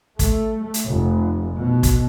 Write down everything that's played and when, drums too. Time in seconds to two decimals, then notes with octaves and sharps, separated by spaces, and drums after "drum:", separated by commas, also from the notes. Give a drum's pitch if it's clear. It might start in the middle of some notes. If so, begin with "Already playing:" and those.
0.19 A3, drum: kick, hi-hat
0.74 drum: hi-hat
0.86 F1
1.57 B2
1.83 drum: kick, hi-hat